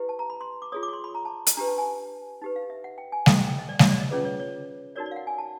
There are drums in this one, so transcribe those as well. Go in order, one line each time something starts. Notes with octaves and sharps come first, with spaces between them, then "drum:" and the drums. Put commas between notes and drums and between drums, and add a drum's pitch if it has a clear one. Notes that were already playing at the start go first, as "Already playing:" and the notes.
Already playing: E4 G4 B4
A5
A#5
B5
C6
D6
F4 G#4 C#5 D#6
D6
C#6
C6
B5
A#5
A5
drum: hi-hat
D4 G4 B4 A#5
A5
G#5
D#4 G4 B4
F5
E5
F#5
G5
G#5
E4 A4 C5 G5, drum: snare G3
F#5
G5
D#5
D5
C#5, drum: snare G3
D5
D#5
C#4 F4 G#4 B4 D5
C#5
C#5
D#4 F#4 A#4 C#5 D5
D5
F5
F#5
G#5
A5